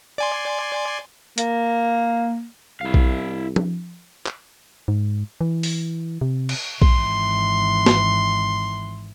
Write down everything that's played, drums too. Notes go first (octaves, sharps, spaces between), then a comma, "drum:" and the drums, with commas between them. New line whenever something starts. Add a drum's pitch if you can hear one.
D5 G#5 C6
A#3, drum: hi-hat
C2 E4 F5
drum: kick A#1
drum: tom F3
drum: clap
G#2
E3
drum: open hi-hat
C3
drum: cymbal
G#1 E3 C6, drum: kick A#1
drum: snare